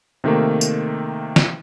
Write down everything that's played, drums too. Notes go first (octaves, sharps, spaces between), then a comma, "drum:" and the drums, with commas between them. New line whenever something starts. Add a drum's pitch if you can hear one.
C3 D#3 A3 A#3
drum: tambourine
drum: snare